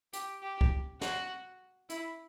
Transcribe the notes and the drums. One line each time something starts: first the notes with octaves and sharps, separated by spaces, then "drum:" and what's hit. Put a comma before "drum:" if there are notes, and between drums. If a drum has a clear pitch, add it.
G4, drum: hi-hat
G4
drum: kick C2
F#4, drum: snare
E4, drum: hi-hat